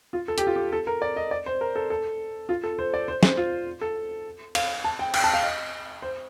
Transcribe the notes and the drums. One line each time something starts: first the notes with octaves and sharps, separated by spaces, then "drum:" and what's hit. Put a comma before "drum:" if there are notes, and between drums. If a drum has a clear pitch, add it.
F4
A4
G4, drum: hi-hat
F4
G4
A4
A#4
D5
D#5
D5
C5
A#4
A4
A4
F4
A4
C5
D5
C5
C5, drum: snare
F4
A4
F5, drum: cymbal
A5
G5
G5, drum: cymbal
A5
F5
D#5
C5